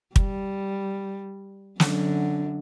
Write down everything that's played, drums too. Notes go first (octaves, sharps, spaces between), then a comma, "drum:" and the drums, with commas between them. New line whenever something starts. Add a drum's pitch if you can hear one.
G3, drum: kick
F#2 D3, drum: snare